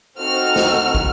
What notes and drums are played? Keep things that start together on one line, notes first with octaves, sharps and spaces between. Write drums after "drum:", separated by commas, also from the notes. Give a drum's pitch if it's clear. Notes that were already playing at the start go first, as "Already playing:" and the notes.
C4 D#4 F#4 A4 F6
drum: snare
drum: kick